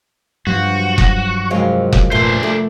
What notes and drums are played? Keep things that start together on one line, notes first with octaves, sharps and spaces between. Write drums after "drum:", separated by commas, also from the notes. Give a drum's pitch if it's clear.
G2 F3 F#3 F#4 G6
drum: kick F1
F1 F#3 G#3 C4 A#4 F5
drum: kick F1
E2 A#2 A3 D4 C5
A3 D6